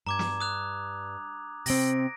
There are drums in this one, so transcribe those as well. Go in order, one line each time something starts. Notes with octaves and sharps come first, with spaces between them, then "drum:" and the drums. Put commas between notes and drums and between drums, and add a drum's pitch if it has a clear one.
G2 A#5 D6 G#6
drum: snare
D#6 F#6 F7
C3 C4 A#6 D7, drum: open hi-hat